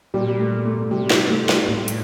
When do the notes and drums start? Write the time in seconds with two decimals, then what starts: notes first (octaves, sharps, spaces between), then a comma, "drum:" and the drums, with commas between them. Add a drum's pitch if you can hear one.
0.14 A#2 G3
0.39 A3
0.65 A3
0.91 C3 G3
1.10 G3, drum: snare
1.30 A3
1.49 G3, drum: snare
1.68 A2 A3
1.88 drum: hi-hat